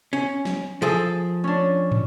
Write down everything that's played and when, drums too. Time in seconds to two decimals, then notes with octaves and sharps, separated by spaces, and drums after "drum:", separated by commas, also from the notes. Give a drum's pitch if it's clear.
0.13 C#4
0.45 drum: snare
0.82 F3 G#4 A4
1.44 C#4 D4
1.92 drum: tom